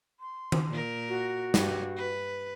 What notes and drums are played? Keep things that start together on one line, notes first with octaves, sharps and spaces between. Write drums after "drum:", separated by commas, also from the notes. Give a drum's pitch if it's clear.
C6
drum: tom D#3
A#2 A#4
F#4
G2, drum: snare
B4